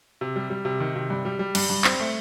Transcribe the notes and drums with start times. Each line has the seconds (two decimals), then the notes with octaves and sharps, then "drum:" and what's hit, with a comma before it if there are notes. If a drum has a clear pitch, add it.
0.21 C3
0.36 G3
0.50 G3
0.65 C3
0.80 D#3
0.96 C3
1.10 G2
1.25 G3
1.39 G3
1.55 G2, drum: cymbal
1.70 G2
1.84 C4, drum: clap
2.00 A3